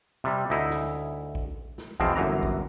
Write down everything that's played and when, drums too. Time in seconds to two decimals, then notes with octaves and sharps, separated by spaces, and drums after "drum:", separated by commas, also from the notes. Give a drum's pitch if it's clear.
0.24 C3 G3
0.50 D2 D#4 E4
0.70 drum: snare
1.35 drum: kick A1
1.78 drum: snare
2.00 E2 B2 F3 C4, drum: kick A1
2.16 G1 F#2 E3 A#5
2.43 drum: kick A1